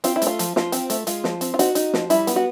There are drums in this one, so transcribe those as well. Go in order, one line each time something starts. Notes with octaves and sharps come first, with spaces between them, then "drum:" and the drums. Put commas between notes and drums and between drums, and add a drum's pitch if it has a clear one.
C4 F4, drum: hi-hat
E4
A3, drum: hi-hat
F4
F3, drum: hi-hat
F3 F4, drum: snare
C4, drum: hi-hat
A3, drum: hi-hat
G#3 F4, drum: hi-hat
F3, drum: snare
C4, drum: hi-hat
F4
D#4 F#4, drum: hi-hat
D#4, drum: hi-hat
F3, drum: snare
G3 E4, drum: hi-hat
B3, drum: hi-hat
F#4